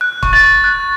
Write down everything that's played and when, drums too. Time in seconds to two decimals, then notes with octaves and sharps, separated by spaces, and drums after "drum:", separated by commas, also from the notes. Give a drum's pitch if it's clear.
0.01 F#6
0.23 C#6, drum: kick
0.33 A6
0.44 C#6
0.64 F#6